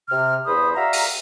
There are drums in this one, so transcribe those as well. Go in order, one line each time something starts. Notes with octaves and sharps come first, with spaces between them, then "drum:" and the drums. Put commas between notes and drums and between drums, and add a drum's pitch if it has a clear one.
C3 F6
E2 G2 G#4 C5 B5 D#6
F#4 D5 E5 F5 A#5
drum: open hi-hat